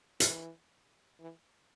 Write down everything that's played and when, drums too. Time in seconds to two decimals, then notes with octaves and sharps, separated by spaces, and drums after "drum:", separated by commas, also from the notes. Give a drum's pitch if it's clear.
0.20 E3, drum: hi-hat
1.20 E3